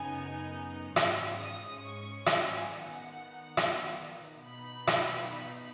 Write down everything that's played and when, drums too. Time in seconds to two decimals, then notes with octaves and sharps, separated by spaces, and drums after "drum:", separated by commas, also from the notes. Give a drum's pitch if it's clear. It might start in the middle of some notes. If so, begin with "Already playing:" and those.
Already playing: F#2 C#3 B3 D#4 G#5
0.96 G#2 G#3 C#4, drum: rim click
1.41 D#6
1.84 C#6
2.26 G#5, drum: rim click
2.70 D#3 B3 D#4 F#5
3.57 drum: rim click
4.44 B2 B3 D#4 B5
4.87 drum: rim click